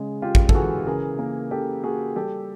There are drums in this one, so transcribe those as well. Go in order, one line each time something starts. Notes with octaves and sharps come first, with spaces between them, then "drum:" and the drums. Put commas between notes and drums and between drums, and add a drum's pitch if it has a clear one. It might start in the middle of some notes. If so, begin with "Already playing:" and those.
Already playing: C#3 G#3
C#3 F4 G4
drum: kick
A4, drum: kick
E3 F#4 G#4
C#3 G#4 A#4
A#3
C#3 G4 A4
A#3 F#4 G#4
G3 G4 A4